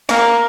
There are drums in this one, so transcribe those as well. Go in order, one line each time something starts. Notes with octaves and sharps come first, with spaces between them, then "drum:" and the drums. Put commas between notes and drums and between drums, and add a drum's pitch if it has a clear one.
A#3, drum: snare